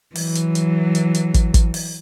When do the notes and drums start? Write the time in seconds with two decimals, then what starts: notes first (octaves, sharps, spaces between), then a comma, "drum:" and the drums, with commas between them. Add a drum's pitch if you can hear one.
0.15 E3 F#3, drum: open hi-hat
0.35 drum: hi-hat
0.55 drum: hi-hat
0.95 drum: hi-hat
1.14 drum: hi-hat
1.34 drum: kick, hi-hat
1.54 drum: kick, hi-hat
1.74 drum: open hi-hat